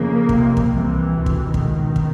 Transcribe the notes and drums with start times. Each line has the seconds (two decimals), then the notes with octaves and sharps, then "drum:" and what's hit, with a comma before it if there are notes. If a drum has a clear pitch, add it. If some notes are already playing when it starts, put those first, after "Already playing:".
Already playing: F2 C#3 A#3
0.29 F2 C3, drum: kick
0.57 drum: kick
0.71 C2 C3 E3
1.13 D2 C3
1.26 drum: kick
1.54 C#2 B2 D#3, drum: kick
1.96 drum: kick